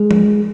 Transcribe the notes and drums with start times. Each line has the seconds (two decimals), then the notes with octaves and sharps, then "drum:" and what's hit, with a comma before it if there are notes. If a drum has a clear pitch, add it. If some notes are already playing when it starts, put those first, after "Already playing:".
Already playing: G#3 G#4
0.11 drum: tom F3